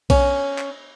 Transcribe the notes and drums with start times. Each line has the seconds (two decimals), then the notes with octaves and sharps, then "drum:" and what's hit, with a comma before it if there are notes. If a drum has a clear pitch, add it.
0.10 C#4, drum: kick B1, cymbal
0.58 drum: clap